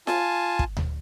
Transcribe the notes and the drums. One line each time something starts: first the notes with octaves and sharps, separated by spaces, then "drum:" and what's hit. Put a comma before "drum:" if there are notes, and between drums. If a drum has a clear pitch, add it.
F4 G#5 A5, drum: snare F4
drum: kick
drum: tom D2